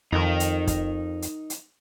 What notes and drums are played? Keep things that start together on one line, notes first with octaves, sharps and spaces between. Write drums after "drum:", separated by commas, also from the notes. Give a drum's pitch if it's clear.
F2 D#4 A#4
drum: hi-hat
drum: kick, hi-hat
drum: hi-hat
drum: hi-hat